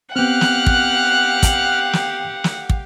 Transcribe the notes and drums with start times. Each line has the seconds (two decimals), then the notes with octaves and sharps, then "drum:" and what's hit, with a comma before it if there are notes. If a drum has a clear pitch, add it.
0.16 B3 C4 G4 F5 F#5 F6 F#6
0.41 drum: snare
0.66 drum: kick
1.43 drum: kick, hi-hat
1.93 drum: snare
2.44 drum: snare
2.70 drum: kick